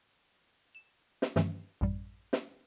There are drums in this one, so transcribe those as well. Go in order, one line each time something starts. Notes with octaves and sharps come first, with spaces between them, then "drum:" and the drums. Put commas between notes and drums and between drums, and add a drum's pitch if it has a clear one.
E7
drum: snare
G2 D#3 E3 F#3 A3 C#4, drum: snare
A1 F#2 A2 G3
drum: snare